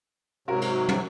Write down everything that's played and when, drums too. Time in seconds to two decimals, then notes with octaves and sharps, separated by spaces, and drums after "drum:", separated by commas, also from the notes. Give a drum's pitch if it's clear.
0.48 G#2 C3 F#3 F#4 A#4
0.61 drum: cymbal
0.89 drum: tom